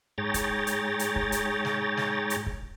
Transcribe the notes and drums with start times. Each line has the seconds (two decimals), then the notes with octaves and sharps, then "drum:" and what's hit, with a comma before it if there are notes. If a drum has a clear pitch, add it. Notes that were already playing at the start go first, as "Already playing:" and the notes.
0.18 G#2 G#4 C#5 G5 A#5 A6
0.34 drum: kick, hi-hat
0.67 drum: hi-hat
0.99 drum: hi-hat
1.16 drum: kick
1.32 drum: hi-hat
1.65 drum: snare
1.97 drum: snare
2.30 drum: hi-hat
2.46 drum: kick